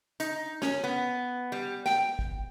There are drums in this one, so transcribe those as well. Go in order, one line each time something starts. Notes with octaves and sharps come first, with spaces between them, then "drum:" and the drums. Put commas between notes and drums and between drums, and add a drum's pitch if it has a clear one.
D#4, drum: hi-hat
C#4, drum: snare
B3
G3
G5, drum: snare
drum: kick